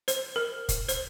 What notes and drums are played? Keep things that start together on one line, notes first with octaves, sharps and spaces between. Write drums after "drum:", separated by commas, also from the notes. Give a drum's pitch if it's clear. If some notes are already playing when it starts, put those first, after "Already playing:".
C5, drum: hi-hat
A#4
drum: kick, hi-hat
C5, drum: hi-hat